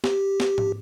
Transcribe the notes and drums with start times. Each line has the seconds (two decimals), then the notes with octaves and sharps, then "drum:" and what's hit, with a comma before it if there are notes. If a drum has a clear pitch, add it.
0.04 G4, drum: snare
0.40 drum: snare
0.58 drum: tom G#2